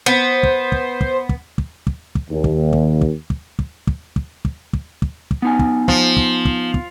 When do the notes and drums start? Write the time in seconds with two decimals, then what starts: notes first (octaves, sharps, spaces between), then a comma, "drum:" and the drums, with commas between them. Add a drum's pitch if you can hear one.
0.06 B3 C5
0.43 drum: kick
0.72 drum: kick
1.01 drum: kick
1.29 drum: kick
1.58 drum: kick
1.87 drum: kick
2.15 drum: kick
2.30 D#2
2.44 drum: kick
2.73 drum: kick
3.01 drum: kick
3.30 drum: kick
3.59 drum: kick
3.87 drum: kick
4.16 drum: kick
4.45 drum: kick
4.73 drum: kick
5.02 drum: kick
5.31 drum: kick
5.42 B3 D#4 G#5
5.59 drum: kick
5.88 F3, drum: kick
6.17 drum: kick
6.45 drum: kick
6.74 drum: kick